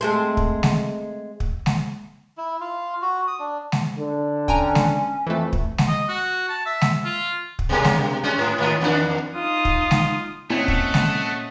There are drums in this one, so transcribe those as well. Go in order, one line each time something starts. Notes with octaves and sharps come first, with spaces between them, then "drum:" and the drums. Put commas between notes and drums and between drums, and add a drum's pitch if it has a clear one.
G#3 A3 C4
drum: kick
drum: snare G#3
drum: kick
drum: snare G#3
E4
F4
F#4
D#6
D4
drum: snare G#3
D3
C#4 G5 G#5 A#5, drum: kick
drum: snare G#3
F2 E3 A3
drum: kick
drum: snare G#3
D#5
F#4
A5
E5
drum: snare G#3
F4
drum: kick
B2 G3 A#3
drum: snare G#3
G3 G#3 C#4
G#2
G#2 D#3 F4
E2 D#3 D4
D#4 F4 D#6
drum: kick
drum: snare G#3
A#2 A3 C4 C#4 E4 A4 D#5 F#5
drum: kick
drum: snare G#3